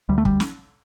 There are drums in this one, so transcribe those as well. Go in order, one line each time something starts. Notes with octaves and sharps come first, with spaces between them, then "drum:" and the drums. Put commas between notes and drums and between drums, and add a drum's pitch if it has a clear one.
D2 G3
A3
G3, drum: kick
drum: snare